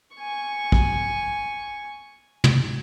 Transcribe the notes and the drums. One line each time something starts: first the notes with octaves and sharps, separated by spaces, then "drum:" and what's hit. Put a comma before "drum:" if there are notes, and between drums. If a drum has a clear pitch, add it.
G#5 C#6
drum: kick
drum: tom